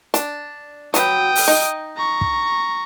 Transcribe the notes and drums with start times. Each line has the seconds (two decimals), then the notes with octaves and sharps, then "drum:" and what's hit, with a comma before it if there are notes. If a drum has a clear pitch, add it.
0.14 D4, drum: hi-hat
0.94 F#3 B4 G5 D#6, drum: hi-hat
1.35 drum: open hi-hat
1.48 D#4
1.97 A#5 C#6
2.21 drum: kick